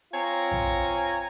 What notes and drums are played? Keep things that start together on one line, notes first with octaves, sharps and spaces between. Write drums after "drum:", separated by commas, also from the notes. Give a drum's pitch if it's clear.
C4 F4 C#5 G#5 A#5
drum: tom A#1